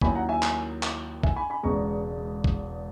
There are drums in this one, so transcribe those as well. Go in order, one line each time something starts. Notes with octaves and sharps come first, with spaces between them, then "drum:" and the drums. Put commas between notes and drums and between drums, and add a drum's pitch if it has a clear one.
D#2 D#3 F#3 C#4 E4 G#5 B5, drum: kick
F#5 A#5
E5 G#5
drum: clap
drum: clap
E5 G#5, drum: kick
G#5 B5
G#5 B5
E1 E2 C#3 G#3 A#5 C#6
drum: kick